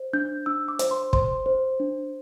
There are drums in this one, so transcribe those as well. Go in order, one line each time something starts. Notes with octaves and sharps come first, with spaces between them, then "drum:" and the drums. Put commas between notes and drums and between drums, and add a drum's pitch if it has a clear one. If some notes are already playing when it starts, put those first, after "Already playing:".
Already playing: C5
D4 G6
D4 E6
D6
C5, drum: hi-hat
C6
C5 C6, drum: kick
C5
D4